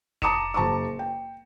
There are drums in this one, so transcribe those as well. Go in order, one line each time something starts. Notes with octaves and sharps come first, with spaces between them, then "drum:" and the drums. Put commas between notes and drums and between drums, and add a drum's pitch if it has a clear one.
A5 A#5 D6 D#6 C#7 E7, drum: kick F1
F#1 A5 A#5 C#6 D6
G5